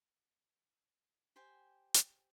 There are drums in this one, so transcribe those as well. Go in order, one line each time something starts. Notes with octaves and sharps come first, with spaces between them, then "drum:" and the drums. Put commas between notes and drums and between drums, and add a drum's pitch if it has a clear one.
G4 C5 G5 G#5
drum: hi-hat